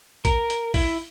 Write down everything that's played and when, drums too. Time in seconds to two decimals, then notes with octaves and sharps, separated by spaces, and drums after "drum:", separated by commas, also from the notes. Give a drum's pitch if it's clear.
0.25 A#4, drum: kick A#1, hi-hat
0.50 drum: hi-hat
0.74 E4, drum: kick A#1, open hi-hat